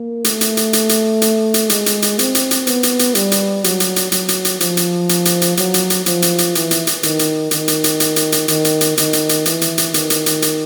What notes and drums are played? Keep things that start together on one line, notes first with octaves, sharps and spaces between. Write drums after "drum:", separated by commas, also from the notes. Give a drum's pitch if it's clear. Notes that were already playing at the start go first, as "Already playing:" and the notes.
Already playing: A#3
A3, drum: hi-hat
drum: hi-hat
drum: hi-hat
drum: hi-hat
drum: hi-hat
drum: hi-hat
drum: hi-hat
G#3, drum: hi-hat
drum: hi-hat
drum: hi-hat
C4, drum: hi-hat
drum: hi-hat
drum: hi-hat
B3, drum: hi-hat
drum: hi-hat
drum: hi-hat
G3, drum: hi-hat
drum: hi-hat
F#3, drum: hi-hat
drum: hi-hat
drum: hi-hat
F#3, drum: hi-hat
drum: hi-hat
drum: hi-hat
F3, drum: hi-hat
drum: hi-hat
drum: hi-hat
drum: hi-hat
drum: hi-hat
F#3, drum: hi-hat
drum: hi-hat
drum: hi-hat
F3, drum: hi-hat
drum: hi-hat
drum: hi-hat
E3, drum: hi-hat
drum: hi-hat
drum: hi-hat
D#3, drum: hi-hat
drum: hi-hat
D#3, drum: hi-hat
drum: hi-hat
drum: hi-hat
drum: hi-hat
drum: hi-hat
drum: hi-hat
D#3, drum: hi-hat
drum: hi-hat
drum: hi-hat
D#3, drum: hi-hat
drum: hi-hat
drum: hi-hat
E3, drum: hi-hat
drum: hi-hat
drum: hi-hat
D#3, drum: hi-hat
drum: hi-hat
drum: hi-hat
drum: hi-hat